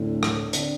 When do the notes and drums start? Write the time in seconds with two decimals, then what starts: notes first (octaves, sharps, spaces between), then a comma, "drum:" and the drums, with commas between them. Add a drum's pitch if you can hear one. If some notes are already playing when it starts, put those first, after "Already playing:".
Already playing: D2 A2 D3 C4
0.23 drum: rim click
0.53 D3 C4, drum: hi-hat